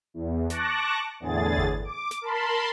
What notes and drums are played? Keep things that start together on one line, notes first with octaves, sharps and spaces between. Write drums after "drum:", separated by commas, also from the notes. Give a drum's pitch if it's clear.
E2
A5 C#6 D6 F#6 A#6, drum: snare
E2 A2 D3 G#4 A6
drum: kick G1
D6
drum: snare
A#4 A5 B5 C6